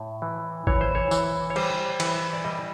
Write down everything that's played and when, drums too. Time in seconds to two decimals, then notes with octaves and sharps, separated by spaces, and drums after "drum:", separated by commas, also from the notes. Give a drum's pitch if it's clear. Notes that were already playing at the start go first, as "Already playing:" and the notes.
Already playing: A2
0.22 E3
0.67 E3 C#5, drum: kick G#1
0.81 C5
0.95 C#5
1.11 E3, drum: tambourine
1.50 C#5
1.56 G3 C5, drum: cymbal
2.00 E3, drum: cymbal
2.33 D5
2.44 G3 D#5